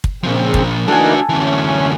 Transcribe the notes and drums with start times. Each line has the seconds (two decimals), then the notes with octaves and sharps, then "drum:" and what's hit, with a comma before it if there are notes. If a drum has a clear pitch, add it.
0.04 drum: kick
0.23 A#2 C#3 F3 C4
0.54 drum: kick
0.88 E3 A#3 D4 D#4 F#4 A4 G#5
1.29 D2 E3 C#4